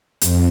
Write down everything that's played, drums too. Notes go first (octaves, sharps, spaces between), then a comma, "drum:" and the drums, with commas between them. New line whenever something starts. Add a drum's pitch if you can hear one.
F2, drum: hi-hat